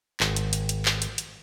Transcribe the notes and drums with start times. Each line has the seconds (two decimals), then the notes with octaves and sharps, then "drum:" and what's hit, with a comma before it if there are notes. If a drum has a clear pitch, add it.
0.20 G#1, drum: clap
0.36 drum: hi-hat
0.53 drum: hi-hat
0.69 drum: hi-hat
0.85 drum: clap
1.02 drum: hi-hat
1.18 drum: hi-hat